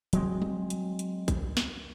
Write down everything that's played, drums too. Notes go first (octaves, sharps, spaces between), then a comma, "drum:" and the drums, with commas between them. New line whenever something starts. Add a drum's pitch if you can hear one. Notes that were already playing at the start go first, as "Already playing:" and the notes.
F#3 G#3 C4, drum: hi-hat
drum: tom
drum: hi-hat
drum: hi-hat
drum: kick, hi-hat
drum: snare